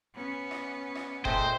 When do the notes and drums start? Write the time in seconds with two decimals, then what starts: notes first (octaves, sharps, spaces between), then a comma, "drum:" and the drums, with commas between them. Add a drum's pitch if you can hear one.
0.14 B3 C#4
0.51 drum: rim click
0.95 drum: rim click
1.25 A#2 G#3 A3 C5 D#5 G5, drum: kick F1